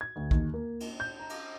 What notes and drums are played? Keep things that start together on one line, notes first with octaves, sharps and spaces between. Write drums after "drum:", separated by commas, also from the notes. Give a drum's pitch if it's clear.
G#6
D2
D#2, drum: kick A#1
A#3
drum: cymbal
G6
A#5
drum: cymbal